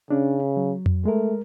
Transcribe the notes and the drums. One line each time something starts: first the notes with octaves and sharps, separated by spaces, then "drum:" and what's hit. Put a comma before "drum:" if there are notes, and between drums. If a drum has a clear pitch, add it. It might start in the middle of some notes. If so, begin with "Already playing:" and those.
C#3 C#4 D4
F#3
drum: tom F2
G#3 A3 A#4